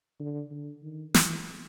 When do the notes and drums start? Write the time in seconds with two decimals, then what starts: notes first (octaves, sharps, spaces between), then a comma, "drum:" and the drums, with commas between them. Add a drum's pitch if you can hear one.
0.20 D3
0.51 D3
0.83 D#3
1.14 E3, drum: snare